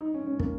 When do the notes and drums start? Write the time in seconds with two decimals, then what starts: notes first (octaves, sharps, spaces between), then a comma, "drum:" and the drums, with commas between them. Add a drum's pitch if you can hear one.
0.01 D#4
0.14 C#4
0.26 C#4
0.40 A#3, drum: kick